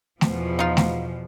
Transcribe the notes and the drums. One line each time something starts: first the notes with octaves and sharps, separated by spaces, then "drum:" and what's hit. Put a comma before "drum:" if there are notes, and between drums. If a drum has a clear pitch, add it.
E2 B2 F3, drum: snare A3
D#4 F4
drum: snare A3